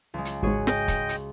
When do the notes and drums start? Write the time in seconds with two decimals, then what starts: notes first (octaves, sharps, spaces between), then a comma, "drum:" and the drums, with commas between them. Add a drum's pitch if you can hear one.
0.14 C#2 G#3
0.25 drum: hi-hat
0.43 G#1 G#2 F#4 G#4 C#5
0.67 D#5 G5, drum: snare
0.88 drum: kick, hi-hat
1.09 drum: hi-hat